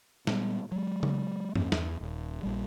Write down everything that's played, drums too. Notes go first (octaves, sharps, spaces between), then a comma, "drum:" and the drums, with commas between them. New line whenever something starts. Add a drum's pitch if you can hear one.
A#2 G3 G#3 B3, drum: snare
F#3 G#3
drum: tom C#3
F2 A#3 C#4, drum: tom G2
E2, drum: snare
D#1
A#1 G3